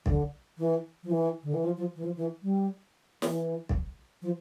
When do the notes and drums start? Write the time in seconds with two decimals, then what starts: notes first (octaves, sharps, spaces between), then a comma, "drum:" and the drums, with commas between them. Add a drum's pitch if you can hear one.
0.06 D3, drum: kick
0.58 E3
1.03 F3
1.11 E3
1.43 D3
1.54 E3
1.64 F3
1.77 F3
1.96 E3
2.04 F3
2.17 E3
2.43 G3
3.22 E3, drum: snare
3.69 drum: kick
4.22 F3